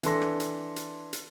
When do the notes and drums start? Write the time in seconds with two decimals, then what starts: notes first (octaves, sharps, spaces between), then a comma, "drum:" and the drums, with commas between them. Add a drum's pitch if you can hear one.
0.03 E3 D4 A4 C6 A#6, drum: hi-hat
0.22 drum: rim click
0.40 drum: hi-hat
0.76 drum: hi-hat
1.13 drum: hi-hat